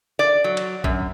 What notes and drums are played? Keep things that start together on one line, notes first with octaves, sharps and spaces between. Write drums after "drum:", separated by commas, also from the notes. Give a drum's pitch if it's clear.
D5
F#3
drum: cymbal
F#2, drum: kick